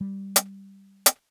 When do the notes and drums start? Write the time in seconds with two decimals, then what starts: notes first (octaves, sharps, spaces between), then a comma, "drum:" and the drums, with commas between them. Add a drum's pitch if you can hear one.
0.01 G3
0.36 drum: hi-hat
1.06 drum: hi-hat